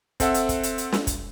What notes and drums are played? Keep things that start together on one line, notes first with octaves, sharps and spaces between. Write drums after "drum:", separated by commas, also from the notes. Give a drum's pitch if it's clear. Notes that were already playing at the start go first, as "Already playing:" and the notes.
C4 A4 E5 F#5, drum: kick, hi-hat
drum: hi-hat
drum: kick, hi-hat
drum: hi-hat
drum: hi-hat
drum: snare
drum: kick, hi-hat